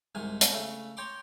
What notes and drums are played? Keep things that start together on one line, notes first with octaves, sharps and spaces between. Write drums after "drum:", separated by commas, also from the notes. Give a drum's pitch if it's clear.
C2 G#2 D#3 G#5
drum: hi-hat
C#3 A3
C#5 G5 A#5 C6 D6